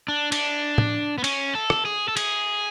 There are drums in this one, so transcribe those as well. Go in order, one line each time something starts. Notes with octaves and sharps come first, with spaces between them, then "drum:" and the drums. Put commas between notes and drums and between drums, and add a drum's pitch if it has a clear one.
D4
D4, drum: cymbal
drum: tom A2
B3
C#4, drum: cymbal
A4
drum: rim click
G#4
A4
G#4, drum: cymbal